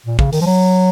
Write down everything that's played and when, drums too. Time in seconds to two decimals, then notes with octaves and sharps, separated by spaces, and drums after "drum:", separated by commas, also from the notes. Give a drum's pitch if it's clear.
0.06 A#2
0.19 C#3, drum: kick
0.32 D#3, drum: open hi-hat
0.41 F3
0.46 F#3